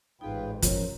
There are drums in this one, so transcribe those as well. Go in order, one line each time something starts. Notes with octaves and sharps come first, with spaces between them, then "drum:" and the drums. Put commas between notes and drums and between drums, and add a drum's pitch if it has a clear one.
A1 G#2 D#4 F4 G#4 B4 G5
F3 G#3 C#4 A#4 C5 C#5, drum: kick, hi-hat